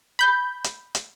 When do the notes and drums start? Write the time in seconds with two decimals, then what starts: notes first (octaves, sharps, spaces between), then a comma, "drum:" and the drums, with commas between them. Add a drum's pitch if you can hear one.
0.19 B5 G6
0.64 drum: hi-hat
0.95 drum: hi-hat